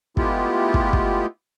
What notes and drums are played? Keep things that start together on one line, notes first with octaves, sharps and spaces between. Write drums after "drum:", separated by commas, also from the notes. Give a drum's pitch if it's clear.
G#3 A3 B3 E4 F4 G4, drum: kick
drum: kick
drum: kick